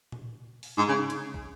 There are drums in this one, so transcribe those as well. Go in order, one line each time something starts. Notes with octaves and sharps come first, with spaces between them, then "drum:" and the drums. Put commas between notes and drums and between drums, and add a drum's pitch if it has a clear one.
drum: tom A#2
drum: open hi-hat
G#2
C#3
drum: hi-hat
drum: kick